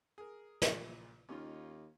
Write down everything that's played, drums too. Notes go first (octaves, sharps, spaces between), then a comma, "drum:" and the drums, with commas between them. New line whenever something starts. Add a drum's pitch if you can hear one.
G#4 A#4
A#1 A#2 F4, drum: snare
D#2 C#4 D#4 F4